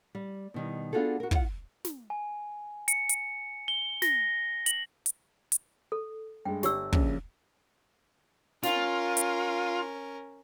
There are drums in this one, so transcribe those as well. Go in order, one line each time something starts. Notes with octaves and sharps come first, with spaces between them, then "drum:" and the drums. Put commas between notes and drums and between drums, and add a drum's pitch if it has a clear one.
G3
B2 D#3 G3
B3 D4 F4 F#4 G#4 A4
F#4 A#4
E4 F4 F#5, drum: kick
drum: snare
G#5
C#7, drum: hi-hat
drum: hi-hat
G7
A#6, drum: snare
F#7, drum: hi-hat
drum: hi-hat
drum: hi-hat
A4
G2 G#3 G5
G1 G4 D5 E6, drum: snare
A#1 C#3, drum: kick
C#4 F4 A#4, drum: snare
drum: hi-hat